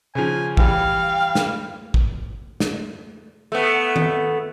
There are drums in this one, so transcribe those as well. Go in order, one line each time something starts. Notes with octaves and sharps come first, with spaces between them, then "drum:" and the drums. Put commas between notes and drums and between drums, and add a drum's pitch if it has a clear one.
C#3 F3 G#5
E3 G3 F5 G5, drum: kick
drum: snare
drum: kick
drum: snare
A3 B3
drum: tom D#3